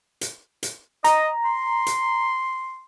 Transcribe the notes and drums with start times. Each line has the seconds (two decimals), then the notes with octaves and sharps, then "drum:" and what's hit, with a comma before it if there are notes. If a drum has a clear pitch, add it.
0.21 drum: hi-hat
0.63 drum: hi-hat
1.04 D#5 A#5, drum: hi-hat
1.45 C6
1.86 drum: hi-hat